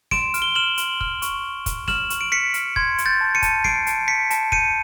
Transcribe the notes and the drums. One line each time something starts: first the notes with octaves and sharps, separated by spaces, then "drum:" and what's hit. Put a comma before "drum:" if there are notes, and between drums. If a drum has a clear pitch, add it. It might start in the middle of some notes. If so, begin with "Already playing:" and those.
C6 D7 E7, drum: snare
F6, drum: hi-hat
G7
F6 E7 F#7
C6, drum: hi-hat
F6, drum: kick
C#6, drum: hi-hat
C#6
C#6, drum: kick, hi-hat
F6 E7 F#7, drum: snare
C#6, drum: hi-hat
D7
F6 B6 C#7
F6, drum: hi-hat
C6 G#6, drum: kick
C6, drum: hi-hat
G6 A6
A5
C#7 D#7
A5, drum: kick, hi-hat
A5 C7 D7, drum: snare
A5, drum: hi-hat
A5 B6 C#7
A5, drum: hi-hat
G6 C#7 D#7, drum: kick